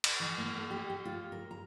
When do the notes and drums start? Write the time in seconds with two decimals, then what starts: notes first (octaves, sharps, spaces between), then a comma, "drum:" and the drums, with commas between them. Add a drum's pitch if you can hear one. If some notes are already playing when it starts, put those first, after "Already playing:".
0.04 drum: cymbal
0.20 E3
0.38 A#3
0.57 A4
0.70 G4
0.90 G4
1.05 F4
1.32 A#4
1.51 A#5